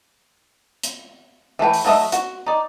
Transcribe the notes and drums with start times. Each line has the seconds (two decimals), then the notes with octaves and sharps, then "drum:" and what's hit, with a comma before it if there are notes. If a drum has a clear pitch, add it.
0.83 drum: hi-hat
1.59 E3 A3 B4 G5
1.74 drum: open hi-hat
1.85 F#3 A3 E4 D#5 E5
2.12 F#4, drum: hi-hat
2.46 D#4 D5